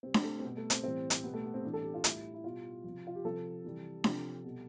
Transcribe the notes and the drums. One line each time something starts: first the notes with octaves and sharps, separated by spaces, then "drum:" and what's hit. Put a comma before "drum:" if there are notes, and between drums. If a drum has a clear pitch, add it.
C3 G3 C4
drum: snare D4
A3
C4
B2 G3 B3
A3
C4, drum: hi-hat
A2 E3 G3 C4
C4, drum: hi-hat
B2 G3 B3
A3
B3
C4
A2 E3 G3 D4
A4
G4
F4
A2 G3 E4, drum: hi-hat
E4
B2 G3 F4
C3 F3
F4
G4
C3 F3 A4
C3 E3 G3
C3 F3, drum: snare D4
B2 G3